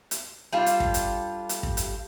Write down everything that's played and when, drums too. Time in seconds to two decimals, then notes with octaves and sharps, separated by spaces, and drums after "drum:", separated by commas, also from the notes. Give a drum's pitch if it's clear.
0.11 drum: hi-hat
0.53 G3 D4 F4 A4
0.66 drum: hi-hat
0.80 drum: kick
0.94 drum: hi-hat
1.49 drum: hi-hat
1.63 drum: kick
1.77 drum: hi-hat